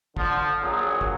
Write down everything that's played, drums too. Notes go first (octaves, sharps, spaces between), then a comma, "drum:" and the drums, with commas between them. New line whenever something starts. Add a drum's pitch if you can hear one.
D3 F3, drum: kick
A#1 A#2 F#3 F#4 G#4
drum: kick